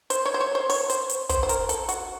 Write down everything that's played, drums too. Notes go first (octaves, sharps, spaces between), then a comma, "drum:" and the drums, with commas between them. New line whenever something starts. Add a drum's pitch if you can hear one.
C5, drum: hi-hat
C#5
C5
C#5
C5
C#5, drum: open hi-hat
C5, drum: hi-hat
drum: hi-hat
C5, drum: kick, hi-hat
C5
A#4, drum: hi-hat
A4, drum: hi-hat
F#4, drum: hi-hat